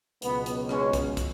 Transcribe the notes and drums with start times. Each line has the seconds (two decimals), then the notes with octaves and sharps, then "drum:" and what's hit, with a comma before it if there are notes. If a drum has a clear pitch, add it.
0.22 C#2 B2 F#3 B3, drum: hi-hat
0.46 drum: hi-hat
0.69 G#3 C#4, drum: rim click
0.93 drum: kick, hi-hat
1.17 drum: kick, hi-hat